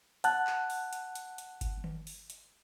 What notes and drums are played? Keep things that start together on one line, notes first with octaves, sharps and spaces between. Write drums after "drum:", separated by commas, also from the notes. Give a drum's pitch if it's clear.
F#5 A5 F#6, drum: hi-hat
drum: clap
drum: open hi-hat
drum: hi-hat
drum: hi-hat
drum: hi-hat
drum: kick G1, hi-hat
drum: tom
drum: open hi-hat
drum: hi-hat